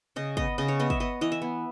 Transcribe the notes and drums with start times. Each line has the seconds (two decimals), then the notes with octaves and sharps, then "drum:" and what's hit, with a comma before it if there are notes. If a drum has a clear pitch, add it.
0.16 C#3 D#5
0.37 B3 D#5, drum: kick
0.58 C#3 D#5
0.68 C#5
0.80 B3 D#5
0.90 E5, drum: kick
1.00 B3 D#5
1.21 E3 D#5
1.32 E5
1.42 B3